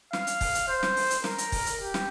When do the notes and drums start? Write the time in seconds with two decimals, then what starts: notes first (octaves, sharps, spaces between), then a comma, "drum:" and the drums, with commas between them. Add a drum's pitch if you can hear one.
0.13 F5, drum: snare
0.27 drum: hi-hat
0.41 drum: kick, open hi-hat
0.55 drum: hi-hat
0.68 C5
0.83 drum: snare
0.97 drum: open hi-hat
1.10 drum: hi-hat
1.24 A#4, drum: snare
1.38 drum: hi-hat
1.52 drum: kick, open hi-hat
1.66 drum: hi-hat
1.80 G4
1.94 drum: snare